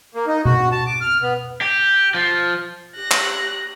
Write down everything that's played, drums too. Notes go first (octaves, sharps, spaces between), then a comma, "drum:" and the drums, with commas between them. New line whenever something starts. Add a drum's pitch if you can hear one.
A#3
D#4
F#4, drum: tom B2
A5
D6
F6
B3
G4
F3
G4 F#6 A#6
drum: clap